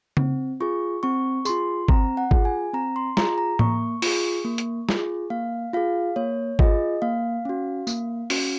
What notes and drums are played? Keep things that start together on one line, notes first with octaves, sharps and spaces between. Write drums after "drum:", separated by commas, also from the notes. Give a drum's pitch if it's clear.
C4, drum: tom C#3
F4 G#4 C#6
C4 C#6
F4 G#4 C6, drum: tambourine
C4 A#5, drum: kick G#1
F#5
F4 G#4, drum: kick G#1
G#5
C4 A#5
C6
F4 G#4 A#5, drum: snare
A#5
A#3 C#6, drum: tom A2
F4 G#4, drum: open hi-hat
A#3
drum: hi-hat
F4 G#4, drum: snare
A#3 F5
F4 G#4 F5
A#3 C#5
F4 G#4 D#5, drum: kick G#1
A#3 F5
C#4 F#4
A#3, drum: tambourine
C#4 F#4, drum: open hi-hat